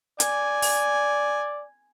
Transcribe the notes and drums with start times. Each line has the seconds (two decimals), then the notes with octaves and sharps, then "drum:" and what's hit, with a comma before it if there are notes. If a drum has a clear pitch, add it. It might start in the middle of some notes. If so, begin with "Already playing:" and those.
0.20 D5 G#5, drum: hi-hat
0.62 drum: open hi-hat